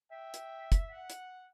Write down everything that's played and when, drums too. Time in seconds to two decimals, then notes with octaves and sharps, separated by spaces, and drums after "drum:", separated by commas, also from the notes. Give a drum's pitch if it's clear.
0.12 E5 G5
0.34 drum: hi-hat
0.72 drum: kick, hi-hat
0.91 F#5
1.10 drum: hi-hat